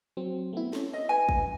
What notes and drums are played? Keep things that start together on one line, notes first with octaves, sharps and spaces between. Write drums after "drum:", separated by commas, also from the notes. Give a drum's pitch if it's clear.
F#3 C4
A3 B3 E4
C#4 A4, drum: snare
D#5 E5
B4 G#5
drum: kick